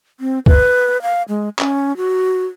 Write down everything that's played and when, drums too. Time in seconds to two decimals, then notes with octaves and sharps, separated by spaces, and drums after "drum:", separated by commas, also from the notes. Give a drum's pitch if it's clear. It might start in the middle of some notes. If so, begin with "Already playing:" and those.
0.20 C4
0.46 B4, drum: kick
1.02 F5
1.29 G#3
1.59 C#4, drum: clap
1.97 F#4